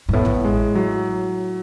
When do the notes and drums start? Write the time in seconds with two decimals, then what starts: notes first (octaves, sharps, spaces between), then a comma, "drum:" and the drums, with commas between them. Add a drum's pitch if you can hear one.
0.09 G#2
0.13 A2 B3
0.25 drum: tom A1
0.45 G#3
0.75 F#3